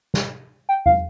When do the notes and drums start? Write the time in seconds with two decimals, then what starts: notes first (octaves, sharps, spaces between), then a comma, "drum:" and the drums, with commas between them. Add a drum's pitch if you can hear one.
0.14 drum: snare
0.69 G5
0.86 F5, drum: tom E2